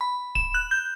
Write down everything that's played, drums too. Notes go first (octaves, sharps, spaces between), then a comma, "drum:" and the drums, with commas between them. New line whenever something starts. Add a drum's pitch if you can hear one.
B5
E7, drum: kick D1
F#6
G6